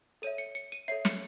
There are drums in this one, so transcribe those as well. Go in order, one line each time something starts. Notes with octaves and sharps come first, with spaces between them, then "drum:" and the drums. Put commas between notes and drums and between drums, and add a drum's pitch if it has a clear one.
A4 C#5 E5 D#7
C#7
C#7
D#7
A4 C#5 E5 C7
C#7, drum: snare